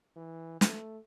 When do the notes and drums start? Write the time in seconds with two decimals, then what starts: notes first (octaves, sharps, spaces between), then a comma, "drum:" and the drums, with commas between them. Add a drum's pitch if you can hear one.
0.16 E3
0.61 A3, drum: snare